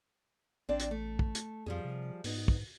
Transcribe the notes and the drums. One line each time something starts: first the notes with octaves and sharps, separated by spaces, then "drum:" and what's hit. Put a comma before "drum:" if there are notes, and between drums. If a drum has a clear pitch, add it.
A1 C4 D4 D5
drum: hi-hat
A3
drum: kick
drum: hi-hat
F2 F3 G3 G#4
C3
G#2 B3 D#4, drum: open hi-hat
drum: kick